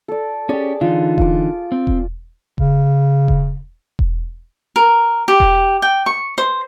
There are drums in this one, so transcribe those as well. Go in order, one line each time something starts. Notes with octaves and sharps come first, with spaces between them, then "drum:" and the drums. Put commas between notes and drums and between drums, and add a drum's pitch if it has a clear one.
A4 D5
C#4 G4 G#4 D5 A5
D3 E3 D#4 F4
F4 D6, drum: kick E1
C4
drum: kick E1
C#3, drum: kick E1
drum: kick E1
drum: kick E1
A#4
G4
drum: kick E1
G5
C#6
C5